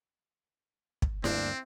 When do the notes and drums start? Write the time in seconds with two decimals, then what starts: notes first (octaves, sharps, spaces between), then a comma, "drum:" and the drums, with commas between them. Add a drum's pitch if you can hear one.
1.02 drum: kick
1.24 D2 G2 A#3 C4 D4, drum: snare E4